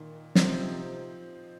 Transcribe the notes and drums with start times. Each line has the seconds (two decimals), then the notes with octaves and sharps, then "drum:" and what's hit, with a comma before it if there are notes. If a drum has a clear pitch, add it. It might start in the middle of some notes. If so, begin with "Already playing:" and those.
Already playing: A#2 D#3
0.35 C3 F3 C4 D#4, drum: snare